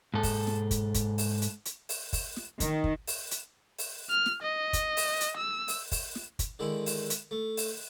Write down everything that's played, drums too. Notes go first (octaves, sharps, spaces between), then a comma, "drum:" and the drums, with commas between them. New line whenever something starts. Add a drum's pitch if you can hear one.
G#2 A4
drum: kick, open hi-hat
drum: snare
drum: kick, hi-hat
drum: kick, hi-hat
drum: open hi-hat
drum: hi-hat
drum: hi-hat
drum: open hi-hat
drum: kick, open hi-hat
drum: snare
D#3, drum: kick, hi-hat
drum: kick
drum: open hi-hat
drum: hi-hat
drum: open hi-hat
F6
drum: snare
D#5
drum: kick, hi-hat
drum: open hi-hat
drum: hi-hat
E6
drum: open hi-hat
drum: kick, open hi-hat
drum: snare
drum: kick, hi-hat
D3 D#3 G#3 E4
drum: open hi-hat
drum: hi-hat
A3
drum: open hi-hat